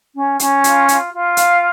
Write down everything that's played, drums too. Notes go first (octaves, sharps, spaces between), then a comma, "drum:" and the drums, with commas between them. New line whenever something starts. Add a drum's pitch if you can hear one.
C#4
C#4, drum: hi-hat
F4, drum: hi-hat
F4, drum: hi-hat
F4
F5, drum: hi-hat